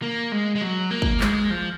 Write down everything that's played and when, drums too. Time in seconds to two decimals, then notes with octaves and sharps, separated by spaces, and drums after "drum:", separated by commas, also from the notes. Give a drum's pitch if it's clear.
0.02 A#3
0.32 G#3
0.56 G#3
0.61 F#3
0.91 A#3
1.02 drum: kick
1.20 G#3, drum: clap
1.50 F3